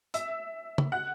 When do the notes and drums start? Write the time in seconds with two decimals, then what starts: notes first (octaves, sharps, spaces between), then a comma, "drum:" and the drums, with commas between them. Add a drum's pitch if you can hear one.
0.14 E5 E6, drum: hi-hat
0.78 drum: tom
0.92 F#5 F#6